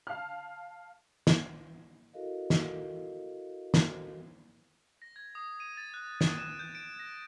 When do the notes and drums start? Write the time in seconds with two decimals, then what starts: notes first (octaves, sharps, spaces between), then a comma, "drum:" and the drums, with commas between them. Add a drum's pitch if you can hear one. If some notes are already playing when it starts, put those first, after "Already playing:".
0.07 F5 A5 F6
1.27 drum: snare
2.13 E4 F#4 A4 A#4 D#5 F5
2.50 drum: snare
3.74 drum: snare
5.02 A#6
5.16 G#6
5.35 D#6
5.60 D#7
5.77 A6
5.94 F#6
6.21 D7, drum: snare
6.37 E7
6.59 G6
6.75 D7
6.99 A#6